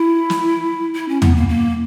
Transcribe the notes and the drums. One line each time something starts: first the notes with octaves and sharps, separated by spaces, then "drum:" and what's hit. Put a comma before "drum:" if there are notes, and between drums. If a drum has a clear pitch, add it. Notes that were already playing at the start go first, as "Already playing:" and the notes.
Already playing: E4
drum: snare
E4
C#4
B3, drum: tom
A#3
A#3